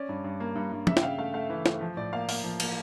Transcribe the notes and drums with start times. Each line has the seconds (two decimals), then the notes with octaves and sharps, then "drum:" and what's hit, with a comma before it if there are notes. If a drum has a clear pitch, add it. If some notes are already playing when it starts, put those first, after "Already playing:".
Already playing: C#4 D5
0.09 G2
0.24 G2
0.40 A#3
0.55 G2
0.72 G2
0.87 C#3 E5, drum: tom
0.97 G5, drum: snare
1.03 C#3 F5
1.18 A3 F5
1.34 A3 F5
1.50 E3
1.66 A3, drum: snare
1.81 F3
1.97 A2 D5
2.13 A#3 F5
2.29 A#3 F5, drum: open hi-hat
2.44 F3
2.60 A#3, drum: cymbal